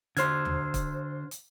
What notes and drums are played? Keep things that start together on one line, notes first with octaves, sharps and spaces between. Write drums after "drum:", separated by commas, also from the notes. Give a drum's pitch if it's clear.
D3 C5 C6 F6 G#6, drum: hi-hat
drum: tom
drum: kick, hi-hat
drum: hi-hat